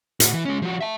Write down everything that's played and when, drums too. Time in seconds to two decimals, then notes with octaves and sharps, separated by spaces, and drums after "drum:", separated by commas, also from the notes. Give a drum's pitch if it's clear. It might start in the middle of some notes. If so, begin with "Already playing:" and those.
0.20 A2 F#4, drum: hi-hat
0.33 E3
0.45 G#3 C#4
0.62 F3 F#4
0.81 E5 A5